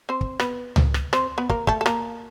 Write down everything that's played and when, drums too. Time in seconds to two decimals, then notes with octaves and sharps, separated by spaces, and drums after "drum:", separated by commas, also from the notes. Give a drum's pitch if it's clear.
0.09 C4 C5
0.21 drum: kick
0.40 B3 B4, drum: rim click
0.76 drum: tom C#2
0.94 drum: rim click
1.13 C4 C5, drum: rim click
1.38 B3 B4
1.49 A#3 A#4, drum: kick
1.67 A3 A4, drum: kick
1.81 A4
1.86 A#3 A#4, drum: rim click